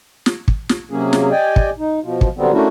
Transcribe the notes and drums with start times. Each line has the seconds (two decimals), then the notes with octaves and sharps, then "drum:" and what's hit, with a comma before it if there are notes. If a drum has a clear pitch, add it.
0.26 drum: snare
0.48 drum: kick
0.69 drum: snare
0.91 C3 F#3 A#3 C#4 G#4
1.13 drum: snare
1.31 G4 D5 D#5 G5 G#5
1.56 drum: kick
1.79 D#4
2.03 B2 F3
2.21 drum: kick
2.38 D3 F#3 G3 B3 C4
2.53 A3 A#3 C#4 D4 E4 F#4